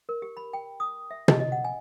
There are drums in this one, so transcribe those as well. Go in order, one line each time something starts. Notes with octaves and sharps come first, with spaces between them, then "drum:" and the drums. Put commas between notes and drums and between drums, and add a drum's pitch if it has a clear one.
A#4
G4
B5
G5
D#6
E5
D#5, drum: tom
D#5
F#5
G#5